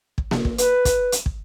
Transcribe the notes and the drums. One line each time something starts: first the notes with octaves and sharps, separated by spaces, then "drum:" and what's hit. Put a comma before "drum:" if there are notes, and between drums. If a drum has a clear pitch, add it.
drum: kick
drum: snare A#3
drum: kick
B4, drum: hi-hat
drum: kick, hi-hat
drum: hi-hat
drum: kick